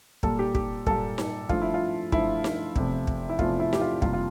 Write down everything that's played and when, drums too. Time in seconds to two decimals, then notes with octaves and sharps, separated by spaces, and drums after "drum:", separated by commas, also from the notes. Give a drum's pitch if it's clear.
0.23 A#2 G3 A#3 A4, drum: kick
0.39 G4
0.55 G4, drum: kick
0.87 A#2 G3 A#3 A4, drum: kick
1.18 drum: snare D#4
1.49 G2 F3 A3 F4, drum: kick
1.62 E4
1.74 F4
2.12 G2 F3 A3 E4, drum: kick
2.44 drum: snare D#4
2.76 E2 C3 F3 A3, drum: kick
3.07 drum: kick
3.29 E4
3.39 E2 C3 F3 A3 F4, drum: kick
3.60 E4
3.73 G4, drum: snare D#4
3.81 F4
4.02 F2 C3 G3 A#3 F4, drum: kick
4.13 F4